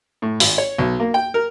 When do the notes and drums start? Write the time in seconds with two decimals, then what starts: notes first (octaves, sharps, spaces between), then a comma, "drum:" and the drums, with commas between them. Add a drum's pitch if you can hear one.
0.22 A2
0.40 G#1, drum: open hi-hat
0.58 C#5
0.78 B1
1.00 A#3
1.14 G5
1.34 A#4